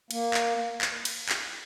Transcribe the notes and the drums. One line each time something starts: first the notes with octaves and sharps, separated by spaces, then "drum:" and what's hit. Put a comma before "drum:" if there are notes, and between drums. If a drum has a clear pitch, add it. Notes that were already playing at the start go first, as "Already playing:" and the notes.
A#3, drum: cymbal
drum: clap
drum: clap
drum: cymbal
drum: clap